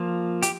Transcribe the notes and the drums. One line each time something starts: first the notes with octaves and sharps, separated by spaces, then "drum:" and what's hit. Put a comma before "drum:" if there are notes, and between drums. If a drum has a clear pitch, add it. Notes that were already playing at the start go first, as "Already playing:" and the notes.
Already playing: F3 A#3
G4, drum: hi-hat